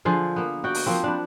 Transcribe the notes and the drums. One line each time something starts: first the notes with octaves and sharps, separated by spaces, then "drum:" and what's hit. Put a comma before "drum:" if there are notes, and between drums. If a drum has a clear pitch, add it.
D3 F3 F4 G#4
A#3 B3
F#4 D5 G5
drum: open hi-hat
F3 A#3 C4
D4 B4